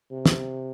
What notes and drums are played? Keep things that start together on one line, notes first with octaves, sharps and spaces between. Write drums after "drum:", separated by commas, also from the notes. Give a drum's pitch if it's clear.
C3
drum: snare